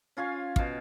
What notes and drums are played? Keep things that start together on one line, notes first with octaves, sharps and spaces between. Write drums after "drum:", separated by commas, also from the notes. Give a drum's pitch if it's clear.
C#4 F4 F5 G#5
B2 F5, drum: kick